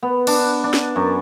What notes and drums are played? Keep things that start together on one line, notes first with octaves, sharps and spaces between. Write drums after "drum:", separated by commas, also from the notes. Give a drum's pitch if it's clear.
B3
D4, drum: cymbal
D4
drum: snare
F#2